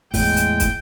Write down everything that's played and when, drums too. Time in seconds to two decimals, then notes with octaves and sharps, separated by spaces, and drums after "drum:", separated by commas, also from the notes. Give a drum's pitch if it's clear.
0.14 E2 A2 G#3 G5, drum: kick, open hi-hat
0.37 drum: hi-hat
0.60 drum: kick, hi-hat